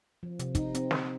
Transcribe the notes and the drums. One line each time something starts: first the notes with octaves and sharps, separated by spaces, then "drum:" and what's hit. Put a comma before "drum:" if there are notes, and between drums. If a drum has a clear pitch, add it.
F3
C3, drum: hi-hat
D#4, drum: kick, hi-hat
C4, drum: hi-hat
drum: snare